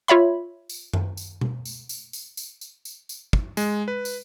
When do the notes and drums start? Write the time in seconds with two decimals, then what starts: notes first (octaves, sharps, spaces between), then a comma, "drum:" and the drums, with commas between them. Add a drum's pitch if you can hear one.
0.08 F4 C#5 E5 B5
0.70 drum: tambourine
0.93 drum: tom F#2
1.17 drum: tambourine
1.41 drum: tom B2
1.65 drum: tambourine
1.89 drum: tambourine
2.13 drum: tambourine
2.37 drum: tambourine
2.61 drum: tambourine
2.85 drum: tambourine
3.09 drum: tambourine
3.33 drum: kick
3.57 G#3, drum: tambourine
3.88 B4
4.05 drum: tambourine